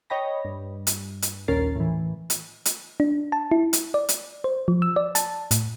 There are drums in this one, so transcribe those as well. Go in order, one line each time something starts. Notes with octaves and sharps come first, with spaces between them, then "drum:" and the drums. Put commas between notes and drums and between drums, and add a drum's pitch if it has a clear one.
C#5 D#5 G5 B5 A#6
G2
drum: hi-hat
drum: hi-hat
A#1 D#2 C#4 A#4 A6 C7
A2 E3
drum: hi-hat
drum: hi-hat
D4
A5
E4
drum: hi-hat
D5
drum: hi-hat
C5
F3
E6
D5
A5, drum: hi-hat
A2, drum: hi-hat